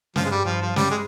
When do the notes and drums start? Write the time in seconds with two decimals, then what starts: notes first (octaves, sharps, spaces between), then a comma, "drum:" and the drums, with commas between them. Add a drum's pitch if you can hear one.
0.16 G2 F3, drum: snare
0.24 G#3
0.30 G3
0.45 G2 F3
0.61 F3
0.76 G3, drum: snare
0.90 G#3